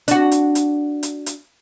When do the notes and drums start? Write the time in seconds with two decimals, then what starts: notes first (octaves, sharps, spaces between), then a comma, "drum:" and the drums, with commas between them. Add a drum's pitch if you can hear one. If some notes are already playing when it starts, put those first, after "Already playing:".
0.08 D4 F#4, drum: hi-hat
0.31 drum: hi-hat
0.55 drum: hi-hat
1.03 drum: hi-hat
1.26 drum: hi-hat